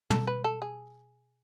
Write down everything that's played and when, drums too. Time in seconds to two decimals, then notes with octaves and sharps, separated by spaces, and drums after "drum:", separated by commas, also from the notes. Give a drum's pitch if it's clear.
0.10 A4, drum: tom
0.27 B4
0.44 A4
0.62 G#4